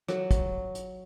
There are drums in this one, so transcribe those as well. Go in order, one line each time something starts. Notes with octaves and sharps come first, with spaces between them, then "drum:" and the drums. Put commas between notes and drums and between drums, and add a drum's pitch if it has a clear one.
F#3, drum: rim click
drum: kick, hi-hat
drum: hi-hat